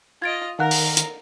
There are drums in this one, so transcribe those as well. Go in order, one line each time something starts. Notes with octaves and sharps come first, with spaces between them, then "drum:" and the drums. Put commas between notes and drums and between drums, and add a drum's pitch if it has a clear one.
F4 D#5 G#6 A6 D7
D#3 A#4 F5 F#5 F#6
drum: open hi-hat
drum: hi-hat